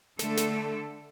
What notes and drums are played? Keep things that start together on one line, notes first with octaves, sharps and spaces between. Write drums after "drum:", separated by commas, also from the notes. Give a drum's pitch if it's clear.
D3 A3 A4, drum: snare
drum: snare